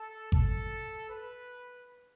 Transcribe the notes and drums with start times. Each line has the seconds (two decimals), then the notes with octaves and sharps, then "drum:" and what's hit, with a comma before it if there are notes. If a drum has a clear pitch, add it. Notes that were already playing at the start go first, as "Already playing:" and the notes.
Already playing: A4
0.32 A4, drum: kick G#1
1.10 B4